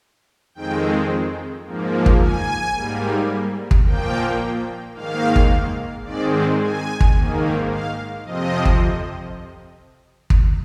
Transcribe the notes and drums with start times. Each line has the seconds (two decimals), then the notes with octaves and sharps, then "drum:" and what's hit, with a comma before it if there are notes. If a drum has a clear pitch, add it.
0.55 F2 D#3 G#3 C4 G5
1.65 G#2 F3 A#3
2.06 drum: kick
2.20 G#5
2.74 G#2 G3 A#3
3.71 drum: kick
3.84 A#2 F3 A#3 G5
4.94 G#2 D#3 A#3 F5
5.36 drum: kick
6.04 G#2 D#3 G#3 C4 D5
6.59 G#5
7.01 drum: kick
7.14 G#2 D#3 A#3
7.69 F5
8.24 F2 C3 F3 C4 D#5
8.65 drum: kick
10.30 drum: kick